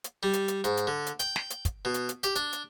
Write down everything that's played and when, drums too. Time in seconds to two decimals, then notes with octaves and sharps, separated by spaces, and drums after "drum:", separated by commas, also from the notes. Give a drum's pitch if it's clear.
0.04 drum: hi-hat
0.23 G3
0.33 drum: hi-hat
0.48 drum: hi-hat
0.64 G#2, drum: hi-hat
0.77 drum: hi-hat
0.87 D3
1.06 drum: hi-hat
1.20 G5, drum: hi-hat
1.36 drum: snare
1.50 drum: hi-hat
1.65 drum: kick, hi-hat
1.85 B2
1.94 drum: hi-hat
2.09 drum: hi-hat
2.23 G4, drum: hi-hat
2.36 D4, drum: hi-hat
2.53 drum: hi-hat